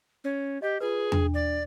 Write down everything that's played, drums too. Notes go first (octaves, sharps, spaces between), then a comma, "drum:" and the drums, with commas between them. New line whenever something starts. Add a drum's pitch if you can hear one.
C#4
G4 D#5
F4 G#4 B4
D4, drum: tom E2
D5